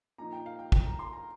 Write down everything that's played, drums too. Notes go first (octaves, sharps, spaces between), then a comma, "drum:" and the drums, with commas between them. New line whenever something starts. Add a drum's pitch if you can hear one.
A#2 F3 D#4 A#5
G5
F5
G5
G5, drum: kick
A#5
C6
A#5